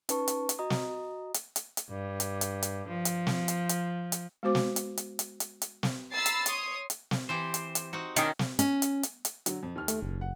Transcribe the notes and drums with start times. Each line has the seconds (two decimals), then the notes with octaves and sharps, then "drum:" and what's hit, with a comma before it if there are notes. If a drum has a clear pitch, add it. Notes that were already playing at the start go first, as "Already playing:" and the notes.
0.09 C#4 D#4 B4 A5 C#6, drum: hi-hat
0.28 drum: hi-hat
0.49 drum: hi-hat
0.59 F#4 D#5 A#5 D#6
0.70 drum: snare
1.34 drum: hi-hat
1.56 drum: hi-hat
1.77 drum: hi-hat
1.90 G2
2.20 drum: hi-hat
2.41 drum: hi-hat
2.63 drum: hi-hat
2.88 F3
3.05 drum: hi-hat
3.27 drum: snare
3.48 drum: hi-hat
3.69 drum: hi-hat
4.12 drum: hi-hat
4.43 G#3 B3 F#4 C5 D6
4.55 drum: snare
4.76 drum: hi-hat
4.97 drum: hi-hat
5.19 drum: hi-hat
5.40 drum: hi-hat
5.62 drum: hi-hat
5.83 drum: snare
6.13 A#5 B5 E6 A6 C7
6.26 drum: hi-hat
6.46 C#5 C6 D#6, drum: hi-hat
6.90 drum: hi-hat
7.11 drum: snare
7.29 E3 C4 G4 C5
7.54 drum: hi-hat
7.75 drum: hi-hat
7.93 C4 D#4 F#4
8.16 D#3 C#4 D4 A#4 G5 D#6, drum: hi-hat
8.39 drum: snare
8.59 C#4, drum: hi-hat
8.82 drum: hi-hat
9.03 drum: hi-hat
9.25 drum: hi-hat
9.46 D3 F#3, drum: hi-hat
9.63 F2
9.76 D#2 F6
9.88 A3, drum: hi-hat
10.02 F#1
10.21 F#5